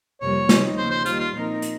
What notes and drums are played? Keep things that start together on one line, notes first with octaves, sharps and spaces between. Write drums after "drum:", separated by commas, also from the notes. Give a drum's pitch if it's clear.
F2 C3 G3 A#3 C#5
C3 G3 C4 D#4, drum: snare
D#2 C#3 F3 C5
C5
D#2 D#3 G3 F4, drum: hi-hat
F4
A#2 F3 C4 D#4 A#4
drum: hi-hat